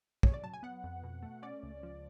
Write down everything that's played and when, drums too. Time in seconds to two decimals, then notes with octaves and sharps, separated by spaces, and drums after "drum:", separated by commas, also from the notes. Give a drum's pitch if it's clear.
0.23 C#3 C#5, drum: kick
0.34 D5
0.43 F#3 A5
0.54 G#5
0.63 B3 F#5
0.84 F2
1.03 B2
1.23 A3
1.42 C#4 D5
1.63 C#2
1.83 F3